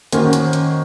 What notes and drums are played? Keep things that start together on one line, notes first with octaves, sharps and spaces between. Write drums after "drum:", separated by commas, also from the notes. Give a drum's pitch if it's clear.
D#3 A#3 C#4 F#4 C5, drum: hi-hat
drum: hi-hat
drum: hi-hat